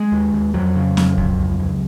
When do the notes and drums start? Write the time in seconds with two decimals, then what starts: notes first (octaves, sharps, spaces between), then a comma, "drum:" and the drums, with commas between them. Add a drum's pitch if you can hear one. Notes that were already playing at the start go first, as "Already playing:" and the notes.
Already playing: G#3
0.12 D#2
0.33 D#2
0.54 F2 F#3
0.76 C#3
0.97 F2, drum: snare
1.18 F2, drum: kick
1.39 C#2
1.60 C#2